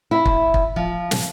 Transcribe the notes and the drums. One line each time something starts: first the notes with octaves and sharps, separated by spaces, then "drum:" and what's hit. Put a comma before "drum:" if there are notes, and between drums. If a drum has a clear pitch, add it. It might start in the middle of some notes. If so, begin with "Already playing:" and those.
E4
drum: kick
drum: kick
F3
drum: snare